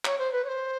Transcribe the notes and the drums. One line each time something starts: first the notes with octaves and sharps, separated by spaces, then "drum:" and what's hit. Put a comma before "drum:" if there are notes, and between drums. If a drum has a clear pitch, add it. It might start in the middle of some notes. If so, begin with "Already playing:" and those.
C#5, drum: clap
C5
B4
C#5
C5